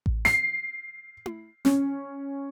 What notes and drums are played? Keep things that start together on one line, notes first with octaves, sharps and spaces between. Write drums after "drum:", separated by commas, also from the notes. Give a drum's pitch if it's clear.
drum: kick A1
C7, drum: snare
drum: tom E4
C#4, drum: snare